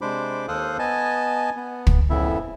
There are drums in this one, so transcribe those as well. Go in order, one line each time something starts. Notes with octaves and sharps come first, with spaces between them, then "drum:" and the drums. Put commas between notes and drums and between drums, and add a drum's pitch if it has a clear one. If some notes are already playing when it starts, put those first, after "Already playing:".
C3 G#3 D4 C5 B5 D6
D#2 A4 C5 F5 D#6 F#6
B3 D#5 G#5 A5
B3
drum: kick
F2 A2 C#3 B3 E4 E5